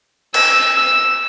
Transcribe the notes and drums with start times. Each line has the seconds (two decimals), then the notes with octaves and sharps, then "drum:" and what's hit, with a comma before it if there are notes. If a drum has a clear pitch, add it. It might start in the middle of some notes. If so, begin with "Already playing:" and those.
0.34 E6, drum: cymbal
0.76 E6